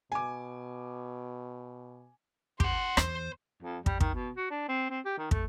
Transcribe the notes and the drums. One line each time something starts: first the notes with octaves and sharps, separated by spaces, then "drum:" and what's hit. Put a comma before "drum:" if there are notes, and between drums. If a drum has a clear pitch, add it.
B2 G#5 D6
G4 F#5 C6, drum: kick
E2 C5, drum: rim click
F2
G3, drum: kick
D#3, drum: kick
B2
F#4
D4
C4
C4
G4
D#3
A3, drum: kick